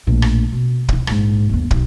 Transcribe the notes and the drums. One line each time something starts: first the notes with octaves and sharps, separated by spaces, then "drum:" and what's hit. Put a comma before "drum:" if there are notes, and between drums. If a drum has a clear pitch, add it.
A#1 A2
drum: rim click
B2
C2 E4, drum: kick
A#1 G#2, drum: rim click
G1 D#2
B1, drum: kick